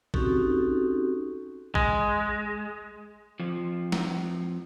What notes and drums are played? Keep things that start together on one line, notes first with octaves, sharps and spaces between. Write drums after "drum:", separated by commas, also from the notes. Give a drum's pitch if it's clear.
C4 C#4 D#4 F#4 G4 A4, drum: kick A1
G#3, drum: kick A1
F2 F3
drum: snare